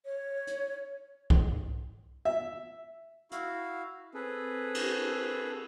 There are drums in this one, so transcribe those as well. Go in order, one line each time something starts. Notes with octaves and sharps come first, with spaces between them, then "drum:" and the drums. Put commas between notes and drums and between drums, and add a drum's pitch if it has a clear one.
C#5
drum: hi-hat
drum: kick
E5
E4 F#4 F5, drum: hi-hat
C4 G#4 A4 B4
drum: cymbal